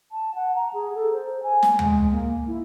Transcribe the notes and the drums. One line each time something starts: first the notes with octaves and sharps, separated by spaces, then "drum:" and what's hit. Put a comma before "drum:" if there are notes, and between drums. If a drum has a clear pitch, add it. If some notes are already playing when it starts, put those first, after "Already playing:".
A5
F#5
A#5
G#4
A4
C5
G#5
drum: snare
G#3, drum: tom D2
A#3
E4